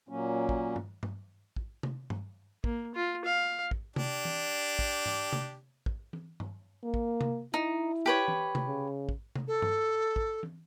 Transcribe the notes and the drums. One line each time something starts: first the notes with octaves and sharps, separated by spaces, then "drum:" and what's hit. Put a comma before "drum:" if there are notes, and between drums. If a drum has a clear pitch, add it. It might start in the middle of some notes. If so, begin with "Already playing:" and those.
A#2 F#3 A#3 C#4
drum: kick
drum: tom G2
drum: tom G2
drum: kick
drum: tom C3
drum: tom G2
A#3, drum: kick
F4
F5
drum: kick
D4 G4, drum: tom C3
drum: tom E3
drum: kick
drum: tom G#2
drum: tom C3
drum: kick
drum: tom E3
drum: tom G2
A#3
drum: kick
drum: tom C3
D#4 E4
G4 B4 C#5
drum: tom E3
drum: tom C3
C#3
drum: kick
drum: tom C3
A4
drum: tom G2
drum: kick
drum: tom E3